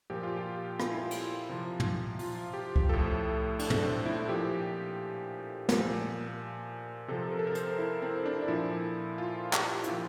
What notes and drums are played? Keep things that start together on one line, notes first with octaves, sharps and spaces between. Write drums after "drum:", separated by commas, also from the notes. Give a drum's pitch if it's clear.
A#2 F3 G4
F4
G4
F4, drum: rim click
E4
F4
drum: cymbal
C3 F3
drum: tom
F4, drum: open hi-hat
G4
drum: kick C2
A2 F3 A4
D4, drum: cymbal
drum: tom
C4
E4
A#2 F3 G4
A#2 F3, drum: snare
C3 F3 A4
A#4
A4
A#4
C5, drum: hi-hat
E4
C4
D4
D4
A#2 F3 E4
F4
G4, drum: clap
E4, drum: hi-hat
A#2 F3 F4